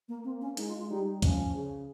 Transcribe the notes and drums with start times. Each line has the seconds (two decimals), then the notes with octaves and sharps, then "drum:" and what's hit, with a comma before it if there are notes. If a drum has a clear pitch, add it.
0.08 A#3
0.24 A#3 C4
0.41 C#4
0.57 G#3 D#4, drum: hi-hat
0.68 F4
0.79 F4
0.89 G3 D#4
1.22 F3 C#4, drum: kick C#2, hi-hat
1.55 C#3